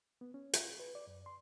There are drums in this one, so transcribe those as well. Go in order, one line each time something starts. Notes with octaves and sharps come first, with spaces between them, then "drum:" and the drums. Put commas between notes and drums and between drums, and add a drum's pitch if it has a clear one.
B3
C#4
F4, drum: hi-hat
B4
D5
F#2
C6